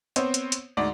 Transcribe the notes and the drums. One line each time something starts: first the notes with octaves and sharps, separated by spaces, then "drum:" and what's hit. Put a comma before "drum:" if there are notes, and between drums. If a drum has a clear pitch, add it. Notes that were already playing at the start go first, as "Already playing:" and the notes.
B3 C4 C5 C#5, drum: hi-hat
drum: hi-hat
drum: hi-hat
D2 G#2 D5